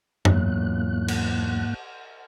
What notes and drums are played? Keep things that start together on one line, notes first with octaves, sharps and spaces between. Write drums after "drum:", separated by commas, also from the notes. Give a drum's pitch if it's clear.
E2 G#2 F#3 A#3 F#6, drum: tom F#2
drum: cymbal